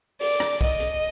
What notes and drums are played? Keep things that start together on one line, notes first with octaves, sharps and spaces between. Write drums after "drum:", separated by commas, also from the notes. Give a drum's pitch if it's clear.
D5, drum: open hi-hat
drum: rim click
D#5, drum: kick B1
drum: hi-hat